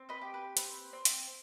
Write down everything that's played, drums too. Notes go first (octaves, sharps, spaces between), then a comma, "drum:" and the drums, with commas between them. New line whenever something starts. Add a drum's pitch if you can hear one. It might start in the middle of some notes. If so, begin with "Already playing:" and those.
Already playing: C4
B4 D#5
G4
B4
C4 B4, drum: hi-hat
C4
drum: hi-hat